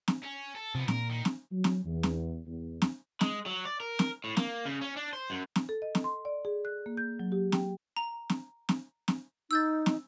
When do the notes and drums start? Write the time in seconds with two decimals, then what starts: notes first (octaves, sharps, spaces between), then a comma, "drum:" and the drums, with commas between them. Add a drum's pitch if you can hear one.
0.08 drum: snare
0.23 C#4
0.55 A4
0.75 C3 F3 B3
0.88 A#2 A#4, drum: snare
1.10 D#3
1.25 drum: snare
1.52 F#3
1.64 drum: snare
1.85 E2
2.03 drum: snare
2.47 E2
2.82 drum: snare
3.21 G#3, drum: snare
3.46 F#3
3.65 D5
3.80 A#4
3.99 drum: snare
4.24 A2
4.37 A#3, drum: snare
4.65 C#3
4.81 C#4
4.97 D4
5.13 C5
5.30 F#2
5.56 drum: snare
5.69 A4
5.82 D#5
5.95 drum: snare
6.04 C6
6.25 D5
6.45 G#4
6.65 F#6
6.86 A#3
6.97 G6
7.20 F#3
7.32 G4
7.52 G5, drum: snare
7.97 A#5
8.30 drum: snare
8.69 drum: snare
9.08 drum: snare
9.51 D#4 E6 G6 A6
9.86 drum: snare